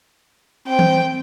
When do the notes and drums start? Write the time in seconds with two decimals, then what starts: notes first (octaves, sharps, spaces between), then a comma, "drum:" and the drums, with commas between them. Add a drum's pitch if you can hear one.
0.68 C4 G5
0.79 drum: tom E3